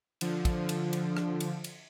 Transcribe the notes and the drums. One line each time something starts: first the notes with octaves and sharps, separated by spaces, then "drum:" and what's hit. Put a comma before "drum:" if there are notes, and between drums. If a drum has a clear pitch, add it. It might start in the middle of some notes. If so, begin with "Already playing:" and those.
D3 F3, drum: cymbal
drum: kick, cymbal
drum: cymbal
drum: cymbal
drum: rim click
drum: cymbal
drum: cymbal